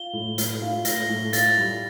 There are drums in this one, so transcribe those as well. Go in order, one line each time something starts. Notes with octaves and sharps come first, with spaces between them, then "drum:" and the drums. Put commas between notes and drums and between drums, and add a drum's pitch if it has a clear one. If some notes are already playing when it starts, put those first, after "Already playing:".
Already playing: F4 G7
A2
A2, drum: hi-hat
F4
A2 A#6, drum: hi-hat
A2
F4 A6, drum: hi-hat
G3